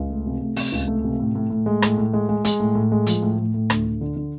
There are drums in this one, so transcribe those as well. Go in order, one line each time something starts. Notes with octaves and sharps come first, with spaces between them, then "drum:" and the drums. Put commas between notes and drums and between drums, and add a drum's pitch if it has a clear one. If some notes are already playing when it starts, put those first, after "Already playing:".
Already playing: C#2
A3
C3
A3
C3, drum: open hi-hat
C#2
A3
C3
A2
A2
A2
G#3
A2, drum: rim click
A2
G#3
G#3
G#3, drum: hi-hat
A2
A2
G#3
F3, drum: hi-hat
A2
A2
A2
D2, drum: rim click
D2
D3
D3